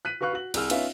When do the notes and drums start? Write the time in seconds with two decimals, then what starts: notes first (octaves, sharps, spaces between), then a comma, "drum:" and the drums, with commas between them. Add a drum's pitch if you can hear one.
0.05 F#6 B6 D#7
0.21 F#4 B4 F5 C#6 F#6
0.33 F#4 F#7
0.54 C2 G#4 E6 F6, drum: cymbal
0.70 B3 C#4 D#4 F4 E5, drum: cymbal